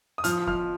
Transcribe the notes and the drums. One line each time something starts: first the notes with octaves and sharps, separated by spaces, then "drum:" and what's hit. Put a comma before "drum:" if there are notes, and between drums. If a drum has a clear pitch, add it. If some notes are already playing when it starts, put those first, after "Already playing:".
D#6
F3 F6, drum: hi-hat
F3 F6, drum: kick